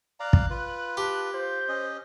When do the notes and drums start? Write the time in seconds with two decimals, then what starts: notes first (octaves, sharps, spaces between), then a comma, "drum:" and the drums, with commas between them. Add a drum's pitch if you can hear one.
0.20 D5 F5 A#5 F#6
0.33 drum: kick
0.50 F4 B4
0.97 G4 A5
1.34 F4 C5 G6
1.68 C#4 D#5